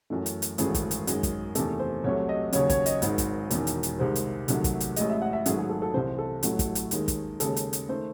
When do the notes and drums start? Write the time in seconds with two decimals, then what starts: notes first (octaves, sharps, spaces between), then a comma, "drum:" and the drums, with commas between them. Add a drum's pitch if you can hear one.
0.10 F#2 E3 A3
0.26 drum: hi-hat
0.42 drum: hi-hat
0.58 G#1 F#2 E3 A3 G#4, drum: hi-hat
0.74 drum: kick, hi-hat
0.91 drum: hi-hat
1.07 F#2 D#3 G#3, drum: hi-hat
1.23 drum: kick, hi-hat
1.55 E2 C3 D#3 A3 A4, drum: hi-hat
1.80 C5
2.04 C2 C3 F#3 A3 C#5
2.29 D#5
2.53 D#2 C#3 F#3 C#5, drum: hi-hat
2.70 C#5, drum: kick, hi-hat
2.86 D#5, drum: hi-hat
3.02 G#1 G#2 D#3 G#3, drum: hi-hat
3.18 drum: kick, hi-hat
3.51 E1 E2 D#3, drum: hi-hat
3.67 drum: hi-hat
3.83 drum: hi-hat
3.99 C2 C3 D#3 G#3 C5
4.15 drum: hi-hat
4.48 C2 C3 D#3 F#3 A3, drum: hi-hat
4.64 drum: kick, hi-hat
4.80 drum: hi-hat
4.96 A1 A2 G#3 D#5, drum: hi-hat
5.09 E5
5.22 F#5
5.33 E5
5.46 G#1 G#2 F#3 A3 G#4, drum: hi-hat
5.58 G#4
5.69 A4
5.82 A4
5.94 C2 C3 E3 C5
6.18 A4
6.43 A1 A2 F#3 A3, drum: hi-hat
6.59 drum: kick, hi-hat
6.75 drum: hi-hat
6.91 D#2 D#3 G#3, drum: hi-hat
7.08 drum: kick, hi-hat
7.40 D#2 C#3 G#3 A4, drum: hi-hat
7.56 drum: hi-hat
7.73 drum: hi-hat
7.89 D#3 A3 C5